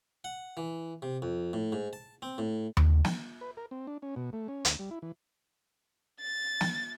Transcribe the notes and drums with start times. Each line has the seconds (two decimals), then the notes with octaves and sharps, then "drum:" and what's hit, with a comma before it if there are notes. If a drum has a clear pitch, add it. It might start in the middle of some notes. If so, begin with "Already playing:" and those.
0.24 F#5
0.57 E3
1.02 C3
1.22 F2
1.53 A2
1.72 G#2
1.93 A5
2.22 C4
2.38 A2
2.77 drum: tom D#2
3.05 drum: snare
3.41 B4
3.57 A#4
3.71 C4
3.87 D4
4.02 C#4
4.16 B2
4.33 A3
4.48 C#4
4.65 D2, drum: hi-hat
4.79 G3
4.91 E4
5.02 E3
6.21 A6
6.61 drum: snare